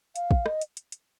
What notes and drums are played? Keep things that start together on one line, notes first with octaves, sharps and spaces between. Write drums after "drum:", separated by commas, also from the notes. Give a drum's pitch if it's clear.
F5, drum: hi-hat
drum: kick
D#5, drum: rim click
drum: hi-hat
drum: hi-hat
drum: hi-hat